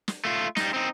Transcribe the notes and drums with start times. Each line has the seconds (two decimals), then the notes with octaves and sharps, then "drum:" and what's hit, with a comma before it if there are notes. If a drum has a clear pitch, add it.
0.08 drum: snare
0.25 A3 F4
0.57 G3 D#4, drum: snare
0.74 C4 D#4